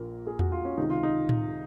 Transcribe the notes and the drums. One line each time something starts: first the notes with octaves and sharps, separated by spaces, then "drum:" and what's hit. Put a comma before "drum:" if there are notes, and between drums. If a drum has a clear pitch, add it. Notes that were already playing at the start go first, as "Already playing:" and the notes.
Already playing: A#1 A#2 A#4
G#4
F#4, drum: tom E2
F4
C#4
C#2 C3 D#3 D#4
F4
D#4
drum: tom A2